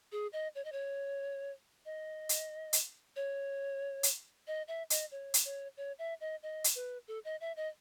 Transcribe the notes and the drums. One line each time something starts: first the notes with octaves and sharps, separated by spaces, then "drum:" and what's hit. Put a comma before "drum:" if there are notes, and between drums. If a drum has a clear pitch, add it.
G#4
D#5
C#5
D#5
C#5
D#5
drum: hi-hat
drum: hi-hat
C#5
drum: hi-hat
D#5
E5
D#5, drum: hi-hat
C#5
drum: hi-hat
C#5
C#5
E5
D#5
D#5
drum: hi-hat
B4
A4
D#5
E5
D#5